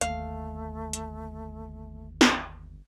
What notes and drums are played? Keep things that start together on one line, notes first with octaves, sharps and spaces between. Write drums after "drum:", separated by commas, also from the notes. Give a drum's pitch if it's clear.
G1 D#2 A3 F5, drum: hi-hat
drum: hi-hat
drum: snare